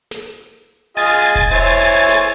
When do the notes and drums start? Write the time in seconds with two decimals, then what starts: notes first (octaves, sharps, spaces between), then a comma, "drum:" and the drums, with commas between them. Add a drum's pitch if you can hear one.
0.11 drum: snare
0.97 F4 G#4 D#5 G#5 A6
1.35 drum: kick E1
1.51 E4 C5 C#5
2.09 drum: snare